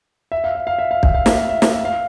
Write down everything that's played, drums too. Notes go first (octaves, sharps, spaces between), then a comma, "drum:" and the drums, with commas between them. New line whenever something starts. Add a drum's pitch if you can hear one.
E5
F5
E5
F5
E5
F5
E5, drum: kick
F5
E5, drum: snare
F5
E5
F5, drum: snare
E5
F5